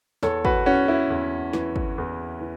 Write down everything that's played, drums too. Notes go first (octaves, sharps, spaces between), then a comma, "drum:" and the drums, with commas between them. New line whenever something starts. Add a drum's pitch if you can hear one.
E2 A4 C#5, drum: snare
F#4 B4, drum: kick
E3 C#4 F#4
E4
E2
E3, drum: snare
drum: kick
E2
E3